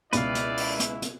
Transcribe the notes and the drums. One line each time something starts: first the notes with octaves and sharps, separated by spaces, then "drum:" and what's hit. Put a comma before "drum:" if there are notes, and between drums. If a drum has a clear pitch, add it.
C#2 B2 E4 B4 D5 F5, drum: hi-hat
drum: hi-hat
drum: open hi-hat
drum: hi-hat
drum: hi-hat